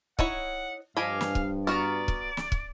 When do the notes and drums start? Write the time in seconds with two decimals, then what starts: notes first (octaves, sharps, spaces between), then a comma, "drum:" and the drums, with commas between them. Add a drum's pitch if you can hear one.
0.19 D#4 E4 C#5 F#5, drum: kick
0.97 G2 F3 D#5 F5 G#5 B5 D6
1.21 drum: snare
1.35 drum: kick
1.67 B3 F#4 D5 A#5 C#6 F6
2.08 drum: kick
2.37 drum: snare
2.52 drum: kick